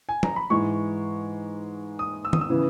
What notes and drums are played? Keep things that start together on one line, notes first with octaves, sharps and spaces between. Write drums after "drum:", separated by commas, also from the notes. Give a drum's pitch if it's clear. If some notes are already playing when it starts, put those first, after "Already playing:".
G#5
A#5, drum: tom F3
B5
G#2 E3 G#3 C#6
D#6
E6
D#6, drum: tom
E6
C#3 E3 B3